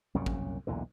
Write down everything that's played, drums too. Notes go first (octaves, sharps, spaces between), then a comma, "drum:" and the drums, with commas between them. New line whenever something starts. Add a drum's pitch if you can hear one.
C2 F#2 A#2 C#3
drum: kick G#1
B1 E2 A#2 D3